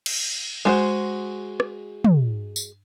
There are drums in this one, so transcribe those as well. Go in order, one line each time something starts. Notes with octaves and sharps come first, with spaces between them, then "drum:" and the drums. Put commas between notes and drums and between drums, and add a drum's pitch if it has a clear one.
drum: cymbal
G#3 F#4 C5
drum: rim click
drum: tom
drum: tambourine